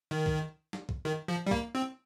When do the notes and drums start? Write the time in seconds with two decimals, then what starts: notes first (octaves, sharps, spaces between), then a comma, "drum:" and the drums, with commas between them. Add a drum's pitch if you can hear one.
0.11 D#3
0.26 drum: kick B1
0.73 drum: snare
0.89 drum: kick B1
1.05 D#3
1.28 F3
1.47 G3
1.51 A#3, drum: kick B1
1.75 C4